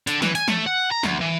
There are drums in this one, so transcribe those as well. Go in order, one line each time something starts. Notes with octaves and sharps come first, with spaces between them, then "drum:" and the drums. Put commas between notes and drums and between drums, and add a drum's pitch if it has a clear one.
D3, drum: hi-hat
E3, drum: snare
G#5, drum: hi-hat
A3, drum: snare
F#5
A#5
D2, drum: snare
E3